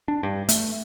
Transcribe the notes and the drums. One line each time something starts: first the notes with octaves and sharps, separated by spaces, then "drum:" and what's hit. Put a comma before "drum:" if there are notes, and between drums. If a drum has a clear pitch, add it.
D4
G2
A3, drum: hi-hat